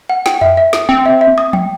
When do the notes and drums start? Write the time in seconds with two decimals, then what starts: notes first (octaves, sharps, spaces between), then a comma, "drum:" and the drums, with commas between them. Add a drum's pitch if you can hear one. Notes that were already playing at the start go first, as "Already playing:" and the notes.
0.09 F#5
0.26 G5, drum: snare
0.41 E5, drum: tom F2
0.57 E5
0.73 D#6, drum: snare
0.89 C4 G5
1.06 E5
1.21 E5
1.38 D#6
1.53 G5, drum: tom